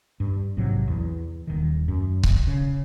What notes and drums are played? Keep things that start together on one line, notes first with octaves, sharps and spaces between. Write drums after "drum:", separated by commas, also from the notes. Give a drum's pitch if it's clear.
G2
A#1 G#2 C3 F#3
E2
D#1 D#3
F#2
drum: kick C#1
C#3